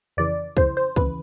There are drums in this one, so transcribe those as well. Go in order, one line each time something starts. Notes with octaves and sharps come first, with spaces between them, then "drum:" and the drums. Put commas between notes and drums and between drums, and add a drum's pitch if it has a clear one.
F2 C#3 E3 D5
F2 C#3 E3 C5, drum: kick
C5
D#2 C#3 E3 B4, drum: kick